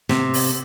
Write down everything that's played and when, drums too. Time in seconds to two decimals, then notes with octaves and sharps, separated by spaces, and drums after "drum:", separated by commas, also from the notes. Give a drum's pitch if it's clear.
0.09 C3, drum: snare
0.34 drum: open hi-hat